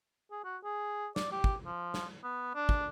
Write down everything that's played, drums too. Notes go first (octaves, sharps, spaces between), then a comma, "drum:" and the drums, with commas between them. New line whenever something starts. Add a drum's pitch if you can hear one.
G#4
F#4
G#4
D5, drum: snare
G4
drum: kick
F3
drum: snare
B3
D4
drum: kick